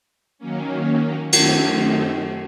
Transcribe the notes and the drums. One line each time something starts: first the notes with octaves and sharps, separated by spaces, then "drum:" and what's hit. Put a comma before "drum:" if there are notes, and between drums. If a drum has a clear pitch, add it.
D#3 F#3 A#3 C#4
F#2 D#3 A3 C4 D#4, drum: cymbal